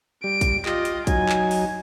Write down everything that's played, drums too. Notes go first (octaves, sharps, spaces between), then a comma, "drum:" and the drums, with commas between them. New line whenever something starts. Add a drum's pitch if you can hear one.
G3 D7
drum: kick, hi-hat
F4 G4 D#5, drum: clap
drum: hi-hat
F#3 D#4 G#5, drum: kick, hi-hat
drum: clap
drum: open hi-hat